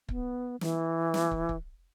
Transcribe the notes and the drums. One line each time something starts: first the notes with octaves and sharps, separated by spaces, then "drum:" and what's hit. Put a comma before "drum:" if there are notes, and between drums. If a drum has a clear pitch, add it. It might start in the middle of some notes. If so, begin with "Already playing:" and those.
B3, drum: kick
E3, drum: snare
drum: snare
drum: kick
drum: kick